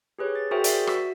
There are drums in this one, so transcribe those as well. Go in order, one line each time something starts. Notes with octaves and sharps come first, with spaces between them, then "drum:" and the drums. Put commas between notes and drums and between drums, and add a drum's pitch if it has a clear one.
G4 G#4 B4 C#5
A6
F#4 G#4 A#4 C5 E5 G5
D5 E5 C7, drum: hi-hat
F#4 E6 B6, drum: rim click